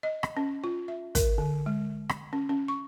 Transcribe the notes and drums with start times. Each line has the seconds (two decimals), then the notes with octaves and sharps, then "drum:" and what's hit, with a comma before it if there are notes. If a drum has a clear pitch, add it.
0.03 D#5
0.23 drum: rim click
0.37 C#4
0.64 F4
0.88 E5
1.15 A#4, drum: kick, hi-hat
1.38 D3
1.66 G#3
2.09 drum: rim click
2.33 C#4
2.49 C#4
2.68 C#6